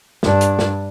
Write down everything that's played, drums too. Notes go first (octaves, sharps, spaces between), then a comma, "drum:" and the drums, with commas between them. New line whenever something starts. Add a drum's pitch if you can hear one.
G2 D4, drum: snare
drum: hi-hat
drum: snare